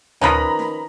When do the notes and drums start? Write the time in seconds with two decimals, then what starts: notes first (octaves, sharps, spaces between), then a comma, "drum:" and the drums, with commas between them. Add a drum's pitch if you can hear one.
0.21 D#3 F3 B3 C#4 A#5 B5 A#6, drum: tom D2
0.59 drum: snare D#4